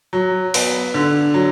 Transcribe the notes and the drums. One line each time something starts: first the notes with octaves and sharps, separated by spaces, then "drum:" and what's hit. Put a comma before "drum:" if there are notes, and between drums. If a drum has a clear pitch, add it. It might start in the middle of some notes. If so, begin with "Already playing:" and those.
F#3
B3, drum: open hi-hat
D3
F#3